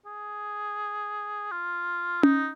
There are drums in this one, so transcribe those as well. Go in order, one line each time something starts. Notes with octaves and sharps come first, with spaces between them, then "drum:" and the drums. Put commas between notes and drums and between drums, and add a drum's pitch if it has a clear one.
G#4
F4
D#4, drum: tom C#4